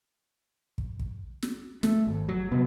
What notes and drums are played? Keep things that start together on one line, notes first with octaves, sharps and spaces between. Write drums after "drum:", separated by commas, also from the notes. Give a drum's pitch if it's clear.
drum: kick
drum: kick
drum: snare
A3, drum: snare
G#1
F#3
C3 B3